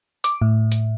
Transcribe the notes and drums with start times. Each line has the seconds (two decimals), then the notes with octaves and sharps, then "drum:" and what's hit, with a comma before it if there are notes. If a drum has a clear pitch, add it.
0.24 D6, drum: hi-hat
0.42 A2
0.72 drum: hi-hat